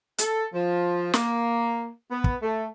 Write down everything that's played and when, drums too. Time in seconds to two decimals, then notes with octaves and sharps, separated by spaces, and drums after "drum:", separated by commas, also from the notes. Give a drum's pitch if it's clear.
0.18 A4, drum: hi-hat
0.53 F3
1.14 A#3, drum: snare
2.11 B3
2.24 drum: kick
2.42 A3